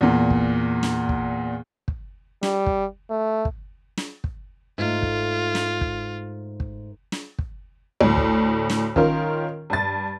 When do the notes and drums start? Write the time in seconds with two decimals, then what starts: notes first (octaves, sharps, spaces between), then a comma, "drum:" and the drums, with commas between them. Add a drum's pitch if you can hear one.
0.01 E2 A#2
0.30 drum: kick
0.83 drum: snare
1.09 drum: kick
1.88 drum: kick
2.43 G3, drum: snare
2.66 drum: kick
3.10 A3
3.45 drum: kick
3.98 drum: snare
4.24 drum: kick
4.78 G#2 A3 F4
5.02 drum: kick
5.55 drum: snare
5.81 drum: kick
6.60 drum: kick
7.12 drum: snare
7.39 drum: kick
8.01 D2 A2
8.17 drum: kick
8.70 drum: snare
8.96 D#3 C#4 F4 A#4, drum: kick
9.70 G2 A6